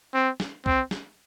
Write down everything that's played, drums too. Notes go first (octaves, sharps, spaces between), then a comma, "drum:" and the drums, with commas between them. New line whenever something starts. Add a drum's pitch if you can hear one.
C4
drum: snare
C4, drum: kick C2
drum: snare